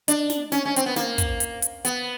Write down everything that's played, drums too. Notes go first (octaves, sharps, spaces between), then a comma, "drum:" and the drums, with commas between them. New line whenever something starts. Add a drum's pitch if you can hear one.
D4, drum: hi-hat
drum: snare
C#4, drum: snare
C#4
C4, drum: hi-hat
B3
A#3, drum: snare
drum: kick, hi-hat
drum: hi-hat
drum: hi-hat
B3, drum: hi-hat